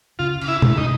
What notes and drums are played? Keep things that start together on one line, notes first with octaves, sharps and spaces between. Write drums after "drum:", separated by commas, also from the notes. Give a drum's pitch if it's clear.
C#3 F4
C#3, drum: cymbal
E4
C#3, drum: tom
D#4